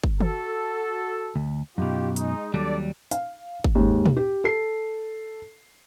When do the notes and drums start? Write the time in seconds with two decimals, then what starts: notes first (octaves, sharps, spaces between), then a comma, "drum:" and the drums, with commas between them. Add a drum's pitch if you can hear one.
0.04 drum: kick G1
0.20 F#4 A4, drum: tom
1.36 D2
1.78 F#2 B2 D#4 F4 G4
2.16 G#3 D#4, drum: hi-hat
2.54 D#2 F#3 G3 D4 A4 D5
3.11 F5, drum: hi-hat
3.64 drum: kick G1
3.75 D#2 G#2
4.06 drum: tom
4.17 G4
4.44 A4 C7